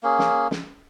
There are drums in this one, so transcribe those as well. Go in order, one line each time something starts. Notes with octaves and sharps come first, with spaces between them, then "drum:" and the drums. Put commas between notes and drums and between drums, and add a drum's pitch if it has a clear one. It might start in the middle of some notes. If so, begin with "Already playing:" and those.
A#3 C#4 G#4
drum: snare
drum: snare